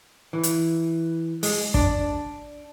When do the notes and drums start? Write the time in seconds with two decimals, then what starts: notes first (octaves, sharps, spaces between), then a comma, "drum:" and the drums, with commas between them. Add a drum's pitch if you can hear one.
0.33 E3
0.43 drum: hi-hat
1.43 G#3, drum: open hi-hat
1.74 D4, drum: kick